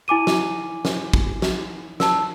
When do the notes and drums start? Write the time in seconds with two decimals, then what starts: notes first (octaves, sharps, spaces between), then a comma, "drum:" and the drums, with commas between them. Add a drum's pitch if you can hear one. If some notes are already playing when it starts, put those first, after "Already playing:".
0.08 E4 G#5 D6 D#7
0.27 drum: snare
0.85 drum: snare
1.13 drum: kick
1.42 drum: snare
2.00 A5 E6, drum: snare